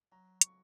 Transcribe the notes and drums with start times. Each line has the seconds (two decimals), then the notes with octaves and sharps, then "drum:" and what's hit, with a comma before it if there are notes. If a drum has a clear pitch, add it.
0.12 F#3 A#5
0.41 C#6, drum: hi-hat